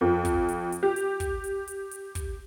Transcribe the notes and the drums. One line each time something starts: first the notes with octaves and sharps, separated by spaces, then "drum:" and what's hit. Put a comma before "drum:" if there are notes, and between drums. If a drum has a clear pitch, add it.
F2
drum: kick, hi-hat
drum: hi-hat
drum: hi-hat
G4
drum: hi-hat
drum: kick, hi-hat
drum: hi-hat
drum: hi-hat
drum: hi-hat
drum: kick, hi-hat